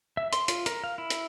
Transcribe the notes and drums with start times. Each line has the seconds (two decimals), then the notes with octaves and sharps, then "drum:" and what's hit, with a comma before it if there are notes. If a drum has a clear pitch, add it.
0.17 E5
0.33 C6, drum: hi-hat
0.48 F4, drum: hi-hat
0.66 A#4, drum: hi-hat
0.84 F5
0.98 E4
1.10 drum: hi-hat